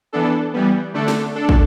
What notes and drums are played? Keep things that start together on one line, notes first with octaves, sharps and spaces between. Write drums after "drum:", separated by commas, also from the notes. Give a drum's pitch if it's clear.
E3 B3 D4 A4
E3 G3 B3
D3 A3 D4 A4
drum: snare
D4 A4
drum: kick